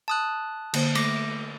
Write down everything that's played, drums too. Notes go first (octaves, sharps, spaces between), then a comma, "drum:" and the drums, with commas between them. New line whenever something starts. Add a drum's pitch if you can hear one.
A5 D#6 F#6
D3 A#3 C5, drum: cymbal
A3 D6 A#6, drum: cymbal